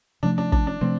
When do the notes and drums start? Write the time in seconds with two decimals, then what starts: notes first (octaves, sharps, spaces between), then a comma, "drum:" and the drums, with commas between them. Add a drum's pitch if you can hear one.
0.23 C3 F3 A3 D4
0.38 D4
0.52 D4, drum: kick
0.67 D4
0.81 C3 F3 A3 C4